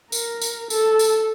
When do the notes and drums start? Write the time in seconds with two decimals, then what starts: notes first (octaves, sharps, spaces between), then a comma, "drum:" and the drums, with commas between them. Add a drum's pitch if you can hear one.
0.12 A#4, drum: tambourine
0.42 drum: tambourine
0.70 A4, drum: tambourine
0.99 drum: tambourine